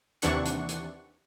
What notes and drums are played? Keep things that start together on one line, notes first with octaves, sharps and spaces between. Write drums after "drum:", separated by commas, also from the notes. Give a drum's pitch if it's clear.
D#2 C3 E3 D4 F#5 C#6, drum: hi-hat
drum: hi-hat
drum: hi-hat